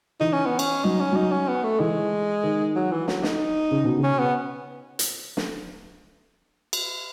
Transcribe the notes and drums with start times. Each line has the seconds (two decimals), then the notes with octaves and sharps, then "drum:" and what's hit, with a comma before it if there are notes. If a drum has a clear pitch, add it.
0.20 E3 D#4
0.33 C#4
0.46 B3
0.59 C#4, drum: cymbal
0.84 F#3 D#4
1.00 C#4
1.12 F#3 D#4
1.32 C#4
1.48 B3
1.64 A3
1.80 E3 G#3
2.44 D#3
2.75 F#3
2.92 E3
3.08 F#3, drum: snare
3.23 D#4, drum: snare
3.71 C#3
3.84 B2
3.98 C#3
4.03 C#4
4.19 B3
4.99 drum: hi-hat
5.37 drum: snare
6.73 drum: cymbal